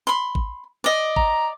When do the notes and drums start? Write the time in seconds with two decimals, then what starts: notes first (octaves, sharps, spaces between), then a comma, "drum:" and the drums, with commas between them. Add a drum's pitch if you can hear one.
0.07 B5 C6
0.35 drum: kick
0.84 D5 D#5
1.16 A#5, drum: kick